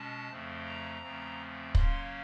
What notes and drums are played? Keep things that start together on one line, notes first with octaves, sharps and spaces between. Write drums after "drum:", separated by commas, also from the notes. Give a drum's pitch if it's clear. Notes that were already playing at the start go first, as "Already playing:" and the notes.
Already playing: B2 G#3 C#4 A5
F2 C#3 F3 A3 C4
A#5
E2 C#3 F3 A3 C4
C#3 F#3 A#3 C#4 C6, drum: kick